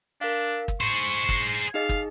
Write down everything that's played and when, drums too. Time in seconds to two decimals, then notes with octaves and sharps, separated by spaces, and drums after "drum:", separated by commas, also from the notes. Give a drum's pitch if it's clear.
0.21 D4 A#4 F5
0.68 drum: kick
0.81 G#4 C5 C6 C#6
1.29 drum: kick
1.74 D#4 G#4 D#5 F5
1.89 drum: kick